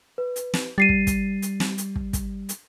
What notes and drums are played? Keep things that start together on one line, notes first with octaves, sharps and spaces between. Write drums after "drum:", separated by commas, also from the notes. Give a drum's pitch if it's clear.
B4
drum: hi-hat
drum: snare
G3 A6 C7 D#7
drum: kick
drum: kick, hi-hat
drum: hi-hat
drum: snare
drum: hi-hat
drum: kick
drum: kick, hi-hat
drum: hi-hat